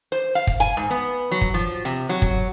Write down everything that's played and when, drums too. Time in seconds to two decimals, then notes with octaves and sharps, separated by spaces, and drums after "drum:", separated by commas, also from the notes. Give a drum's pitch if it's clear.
0.12 C5
0.35 F5
0.47 drum: kick
0.60 G#5
0.77 G#2
0.90 B3
1.32 F#3
1.41 drum: kick
1.54 F3
1.85 C3
2.09 F#3
2.22 drum: kick